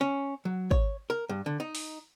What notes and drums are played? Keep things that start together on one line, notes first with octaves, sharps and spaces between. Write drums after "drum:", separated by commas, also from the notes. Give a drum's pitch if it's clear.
C#4
F#3
C#5, drum: kick
A#4
G2
D3
D#4
drum: open hi-hat